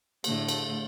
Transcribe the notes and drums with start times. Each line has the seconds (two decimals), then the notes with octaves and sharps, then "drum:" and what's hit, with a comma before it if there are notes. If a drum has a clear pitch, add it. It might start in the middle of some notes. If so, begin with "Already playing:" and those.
0.24 A2 D3 A3, drum: cymbal
0.49 drum: cymbal